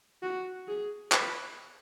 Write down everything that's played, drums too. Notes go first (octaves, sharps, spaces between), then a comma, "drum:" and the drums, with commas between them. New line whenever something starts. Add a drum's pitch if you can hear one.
F#4
G#4
B4, drum: clap